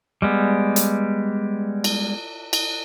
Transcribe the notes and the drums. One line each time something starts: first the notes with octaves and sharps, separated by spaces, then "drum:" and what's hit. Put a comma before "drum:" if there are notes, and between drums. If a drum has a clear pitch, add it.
G3 G#3 B3
drum: hi-hat
drum: cymbal
drum: cymbal